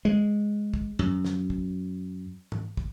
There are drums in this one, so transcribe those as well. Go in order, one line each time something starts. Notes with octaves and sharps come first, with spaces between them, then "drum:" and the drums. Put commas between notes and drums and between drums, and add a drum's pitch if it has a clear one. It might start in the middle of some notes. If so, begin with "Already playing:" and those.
G#3
drum: kick
F#2
drum: snare
drum: kick
drum: tom G#2
drum: kick